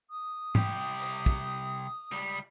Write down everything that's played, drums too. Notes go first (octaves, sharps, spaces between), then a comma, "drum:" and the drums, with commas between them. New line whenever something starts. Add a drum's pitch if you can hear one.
D#6
C2 G4, drum: tom G#2
drum: open hi-hat
drum: kick
C#2 G3